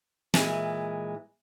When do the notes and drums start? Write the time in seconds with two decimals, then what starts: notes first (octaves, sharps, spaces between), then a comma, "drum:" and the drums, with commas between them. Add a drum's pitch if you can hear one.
0.34 A#2 E3 G#3, drum: snare